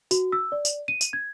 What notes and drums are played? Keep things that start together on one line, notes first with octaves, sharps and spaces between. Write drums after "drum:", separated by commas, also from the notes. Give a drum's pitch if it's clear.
F#4, drum: tambourine
E6
D5
drum: tambourine
D#7
drum: tambourine
G#6